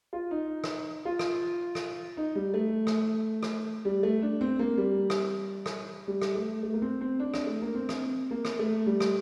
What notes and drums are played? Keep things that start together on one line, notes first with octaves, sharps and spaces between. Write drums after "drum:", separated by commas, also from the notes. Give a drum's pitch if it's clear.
F4
D#4
drum: rim click
F4
drum: rim click
drum: rim click
D#4
G3
A3
drum: rim click
drum: rim click
G3
A3
D4
C4
A#3
G3
drum: rim click
drum: rim click
G3
drum: rim click
A3
A3
A#3
C4
C4
D4
D4, drum: rim click
A3
A#3
C4
drum: rim click
A#3
drum: rim click
A3
G3
drum: rim click